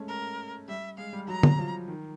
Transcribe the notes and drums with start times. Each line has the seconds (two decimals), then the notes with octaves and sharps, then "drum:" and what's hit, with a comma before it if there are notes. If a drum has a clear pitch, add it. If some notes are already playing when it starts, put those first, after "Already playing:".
Already playing: G#3 A3 C#4
0.08 A#4
0.68 G3 E5
0.98 G#3 F5
1.13 G3
1.28 F#3 A#5
1.43 F#3, drum: tom D3
1.58 F3
1.88 D#3